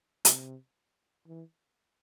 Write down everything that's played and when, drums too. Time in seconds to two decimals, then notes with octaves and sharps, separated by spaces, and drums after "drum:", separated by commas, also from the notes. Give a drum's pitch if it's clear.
0.25 C3, drum: hi-hat
1.27 E3